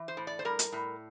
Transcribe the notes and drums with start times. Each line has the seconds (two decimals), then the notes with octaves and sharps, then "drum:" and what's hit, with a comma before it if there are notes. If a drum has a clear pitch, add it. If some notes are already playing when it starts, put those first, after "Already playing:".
Already playing: E3
0.08 C5
0.17 A2
0.27 D5
0.39 C5
0.45 G3 A#4
0.59 drum: hi-hat
0.72 A2